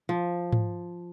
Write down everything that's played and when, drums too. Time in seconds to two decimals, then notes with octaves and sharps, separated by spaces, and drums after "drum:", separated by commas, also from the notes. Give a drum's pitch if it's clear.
0.09 F3
0.52 drum: tom G#2